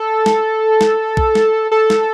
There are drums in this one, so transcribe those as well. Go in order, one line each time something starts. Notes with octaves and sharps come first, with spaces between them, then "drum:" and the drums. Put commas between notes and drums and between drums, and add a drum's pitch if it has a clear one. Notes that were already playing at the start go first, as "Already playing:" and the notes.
Already playing: A4
drum: snare
drum: snare
drum: kick A#1
drum: snare
A4
drum: snare